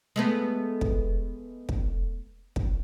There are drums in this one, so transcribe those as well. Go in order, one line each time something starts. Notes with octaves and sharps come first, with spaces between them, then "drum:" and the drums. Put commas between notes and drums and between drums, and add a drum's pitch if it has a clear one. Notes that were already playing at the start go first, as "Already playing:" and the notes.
G#3 A3 B3
drum: kick
drum: kick
drum: kick